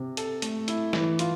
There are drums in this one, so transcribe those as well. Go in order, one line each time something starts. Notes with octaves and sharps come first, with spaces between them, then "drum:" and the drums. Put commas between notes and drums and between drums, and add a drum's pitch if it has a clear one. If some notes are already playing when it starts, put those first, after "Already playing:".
Already playing: C3
A4, drum: hi-hat
A3, drum: hi-hat
E4, drum: hi-hat
E3, drum: snare
F4, drum: hi-hat